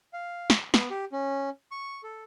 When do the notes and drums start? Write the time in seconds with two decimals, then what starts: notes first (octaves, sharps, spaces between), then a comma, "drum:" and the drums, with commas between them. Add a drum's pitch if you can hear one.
0.13 F5
0.50 drum: snare
0.74 B3, drum: snare
0.90 G4
1.12 C#4
1.71 C#6
2.03 A4